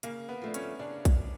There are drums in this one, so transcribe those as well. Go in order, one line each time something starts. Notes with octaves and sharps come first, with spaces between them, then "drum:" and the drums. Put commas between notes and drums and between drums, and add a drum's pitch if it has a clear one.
C#3 A#3, drum: hi-hat
B3
F3 A3 D4
C#4, drum: hi-hat
C#3 D4
drum: kick, hi-hat